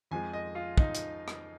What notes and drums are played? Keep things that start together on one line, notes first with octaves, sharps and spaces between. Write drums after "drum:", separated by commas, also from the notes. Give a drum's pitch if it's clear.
F2 F3 G#3 G#5
D#5
F4
D#4, drum: kick
drum: hi-hat
drum: rim click